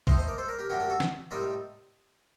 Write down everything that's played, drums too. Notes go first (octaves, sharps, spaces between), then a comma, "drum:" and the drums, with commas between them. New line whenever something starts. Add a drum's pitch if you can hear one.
A2 A3 D#4 C5 D#5, drum: kick A#1
C5 D#5
A#4 D5
A4 C5
A#4 D5
G4 A#4
F#2 F#3 A3 D4 G4 A#4
G4 A#4
F#4 A4
drum: snare
A2 G3 C4 D#4 A#4 D5